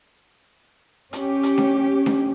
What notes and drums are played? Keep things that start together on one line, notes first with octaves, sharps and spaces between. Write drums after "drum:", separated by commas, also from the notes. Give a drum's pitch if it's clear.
C#4 G4, drum: hi-hat
drum: hi-hat
drum: snare D4
drum: snare D4